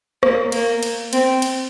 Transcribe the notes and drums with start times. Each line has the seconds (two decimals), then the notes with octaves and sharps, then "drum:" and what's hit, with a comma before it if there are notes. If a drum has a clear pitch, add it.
0.23 A#3, drum: rim click
0.52 A#3, drum: cymbal
0.83 drum: cymbal
1.13 C4, drum: cymbal
1.42 drum: cymbal